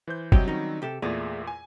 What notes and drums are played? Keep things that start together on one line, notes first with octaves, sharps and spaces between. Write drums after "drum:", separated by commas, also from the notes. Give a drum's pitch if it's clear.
E3 C5 G6
C3 F#3 G3 C4 G4 D#5, drum: kick
D#3 C#4 D#4
C3 G4 A4
E2 A#2 A3 G#4 D5
G#5